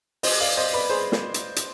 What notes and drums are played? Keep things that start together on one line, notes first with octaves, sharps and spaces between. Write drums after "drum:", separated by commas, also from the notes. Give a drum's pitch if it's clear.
C5 D#5, drum: open hi-hat
D5 F5
C5 D#5
B4 D5
G#4 C5
drum: snare
drum: hi-hat
drum: hi-hat